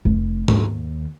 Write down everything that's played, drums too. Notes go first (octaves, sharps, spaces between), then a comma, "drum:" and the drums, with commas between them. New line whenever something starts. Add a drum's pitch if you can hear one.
F1
D#2, drum: tom G#2